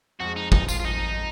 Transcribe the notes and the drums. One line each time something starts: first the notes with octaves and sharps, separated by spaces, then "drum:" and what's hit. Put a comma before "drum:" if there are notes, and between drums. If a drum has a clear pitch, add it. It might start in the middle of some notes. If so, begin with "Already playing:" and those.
F2 F3 G#3 F#4
D#4
F2 F3 G#3 D#4, drum: kick
F4, drum: tambourine
F4
F2 F3 G#3 D#4